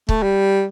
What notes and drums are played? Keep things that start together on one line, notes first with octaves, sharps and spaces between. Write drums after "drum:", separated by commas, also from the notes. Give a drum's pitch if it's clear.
A3, drum: kick
G3